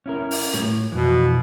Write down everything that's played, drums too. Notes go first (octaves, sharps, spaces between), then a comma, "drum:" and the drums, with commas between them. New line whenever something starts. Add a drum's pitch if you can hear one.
C#4 E4 A#4
drum: open hi-hat
A2, drum: snare
F2 B2 E3